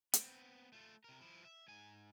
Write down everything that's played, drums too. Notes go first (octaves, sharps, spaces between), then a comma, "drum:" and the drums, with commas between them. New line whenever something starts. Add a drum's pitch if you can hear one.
B3 C4, drum: hi-hat
A3 F4
C3 A#4
F3 E4
E5
G#2 G#5